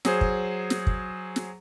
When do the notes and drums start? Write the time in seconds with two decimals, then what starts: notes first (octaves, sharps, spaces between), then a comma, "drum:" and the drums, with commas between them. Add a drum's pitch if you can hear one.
0.05 F#3 G#4 C5, drum: snare
0.21 drum: kick
0.70 drum: snare
0.87 drum: kick
1.36 drum: snare